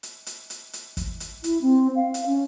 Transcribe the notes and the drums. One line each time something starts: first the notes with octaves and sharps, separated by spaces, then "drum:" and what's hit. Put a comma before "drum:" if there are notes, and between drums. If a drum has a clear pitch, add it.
drum: hi-hat
drum: hi-hat
drum: hi-hat
drum: hi-hat
drum: kick, hi-hat
drum: hi-hat
E4, drum: hi-hat
C4
F5
drum: hi-hat
C#4